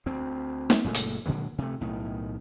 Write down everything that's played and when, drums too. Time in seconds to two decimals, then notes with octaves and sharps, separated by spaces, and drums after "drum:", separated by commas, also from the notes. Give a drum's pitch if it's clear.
0.06 D2 C4
0.70 drum: snare
0.84 F#1 A#2 G#3 A3
0.95 drum: hi-hat
1.26 A#2 D3 F#3 G#3
1.58 C3 A3
1.81 B1 A2 D#3